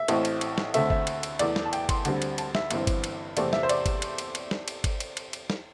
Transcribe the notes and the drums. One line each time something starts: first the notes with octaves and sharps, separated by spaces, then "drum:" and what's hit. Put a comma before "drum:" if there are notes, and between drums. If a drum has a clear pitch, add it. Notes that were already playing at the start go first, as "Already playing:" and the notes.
Already playing: E5
A1 A2 A3 C4, drum: cymbal
drum: cymbal
drum: cymbal
drum: snare
D2 D3 A3 C4 E5, drum: cymbal
E5, drum: kick G1
drum: cymbal
drum: cymbal
E2 E3 A3 D5, drum: cymbal
drum: snare
A5
G5, drum: cymbal
C6, drum: kick G1, cymbal
D2 D3 G3 C4, drum: cymbal
drum: cymbal
A5, drum: cymbal
E5, drum: snare
G1 G2 E3 C4, drum: cymbal
drum: kick G1, cymbal
drum: cymbal
E2 C3 A3 C4 D5, drum: cymbal
E5, drum: snare
C5
D5, drum: cymbal
drum: kick G1, cymbal
drum: cymbal
drum: cymbal
drum: cymbal
drum: snare
drum: cymbal
drum: kick G1, cymbal
drum: cymbal
drum: cymbal
drum: cymbal
drum: snare